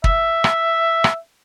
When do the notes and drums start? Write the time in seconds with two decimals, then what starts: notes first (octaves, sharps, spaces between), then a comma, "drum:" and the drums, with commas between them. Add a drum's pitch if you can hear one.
0.04 E5, drum: kick
0.44 drum: rim click
1.04 drum: rim click